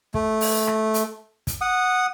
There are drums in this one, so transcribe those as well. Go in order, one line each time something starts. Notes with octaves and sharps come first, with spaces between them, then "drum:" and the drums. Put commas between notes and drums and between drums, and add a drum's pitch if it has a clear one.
A3, drum: kick
drum: open hi-hat
drum: rim click
drum: hi-hat
drum: kick, hi-hat
F#5 D#6